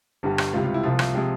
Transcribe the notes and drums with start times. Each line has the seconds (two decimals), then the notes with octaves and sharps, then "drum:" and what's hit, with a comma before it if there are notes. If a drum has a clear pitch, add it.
0.23 G1 G2 G3
0.38 drum: rim click
0.53 C#2 C3 G3 F4
0.64 F4
0.74 E4
0.83 C2 C3 F3 F4
0.99 F4, drum: rim click
1.14 C3 F3 G#3 G4